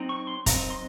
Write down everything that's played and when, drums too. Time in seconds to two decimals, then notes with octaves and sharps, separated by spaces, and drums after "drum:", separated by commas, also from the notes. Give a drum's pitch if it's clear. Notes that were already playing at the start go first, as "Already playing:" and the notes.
Already playing: F#3 C4 D#4
0.09 C#6
0.27 C6
0.46 F#3 C4 D#4 A#5, drum: kick, hi-hat
0.70 C6